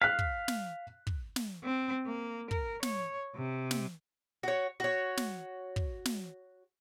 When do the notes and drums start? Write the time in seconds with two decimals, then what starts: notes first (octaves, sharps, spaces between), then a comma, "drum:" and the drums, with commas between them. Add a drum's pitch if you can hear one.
0.02 F5 F#6 B6
0.19 drum: kick
0.48 drum: snare
1.07 drum: kick
1.36 drum: snare
1.63 C4
2.07 A#3
2.51 A#4, drum: kick
2.83 C#5, drum: snare
3.36 C3
3.71 drum: snare
4.43 F#4 C#5
4.80 F#4 C#5
5.17 drum: snare
5.76 drum: kick
6.05 drum: snare